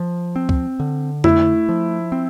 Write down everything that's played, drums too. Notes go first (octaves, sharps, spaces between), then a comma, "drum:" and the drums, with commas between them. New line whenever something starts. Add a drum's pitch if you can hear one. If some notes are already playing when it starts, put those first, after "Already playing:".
Already playing: F3
C4
drum: kick C#2
D3
A3 E4, drum: tom F2
F3
C4